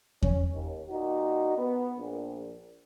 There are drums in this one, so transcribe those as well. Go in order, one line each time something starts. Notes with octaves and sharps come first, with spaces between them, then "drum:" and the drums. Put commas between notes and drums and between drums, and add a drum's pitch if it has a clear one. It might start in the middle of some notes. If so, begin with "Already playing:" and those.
C#4, drum: kick E2
D#2
A#2 D#4 F#4
B3
A#1